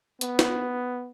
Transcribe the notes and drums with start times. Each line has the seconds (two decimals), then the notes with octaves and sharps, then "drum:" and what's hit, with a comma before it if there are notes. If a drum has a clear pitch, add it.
0.21 B3, drum: hi-hat
0.39 drum: snare